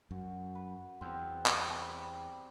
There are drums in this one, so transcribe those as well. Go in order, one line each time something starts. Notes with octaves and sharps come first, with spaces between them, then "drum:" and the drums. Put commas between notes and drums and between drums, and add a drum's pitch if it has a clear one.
F#2 F#4
B4
E2 C4
G3, drum: clap
B4